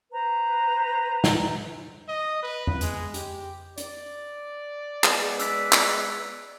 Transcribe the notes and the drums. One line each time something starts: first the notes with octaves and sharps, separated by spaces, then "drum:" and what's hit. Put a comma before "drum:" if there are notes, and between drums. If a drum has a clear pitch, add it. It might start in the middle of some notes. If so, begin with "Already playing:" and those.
B4 C5 A#5
drum: snare
D#5
B4
drum: tom F2
G#3, drum: hi-hat
G4, drum: hi-hat
D5, drum: hi-hat
G#3 B3, drum: clap
E6 F#6 B6, drum: hi-hat
drum: clap